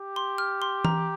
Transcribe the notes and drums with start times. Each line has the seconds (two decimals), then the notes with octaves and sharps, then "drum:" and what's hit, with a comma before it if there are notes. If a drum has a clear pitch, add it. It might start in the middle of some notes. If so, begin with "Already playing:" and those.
Already playing: G4
0.16 C6
0.38 F6
0.62 C6
0.85 A#5, drum: tom E3